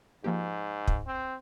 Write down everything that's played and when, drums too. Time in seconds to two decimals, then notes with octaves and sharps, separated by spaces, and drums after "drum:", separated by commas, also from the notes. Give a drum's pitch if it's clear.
0.24 G#2 F3 A#3 G4
0.87 drum: kick
1.07 C4